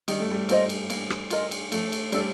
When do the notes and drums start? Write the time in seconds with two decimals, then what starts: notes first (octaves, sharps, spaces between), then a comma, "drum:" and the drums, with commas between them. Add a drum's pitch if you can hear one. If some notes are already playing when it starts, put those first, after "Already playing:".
0.08 D#3 G3, drum: cymbal
0.20 A3
0.31 G3
0.49 A#3 F4 C5 D#5, drum: cymbal
0.69 drum: cymbal
0.90 A#3, drum: cymbal
1.10 drum: rim click
1.30 F4 A#4 D#5, drum: cymbal
1.51 drum: cymbal
1.72 F3 A3, drum: cymbal
1.92 drum: cymbal
2.12 G3 A3 D4 A4 D5, drum: cymbal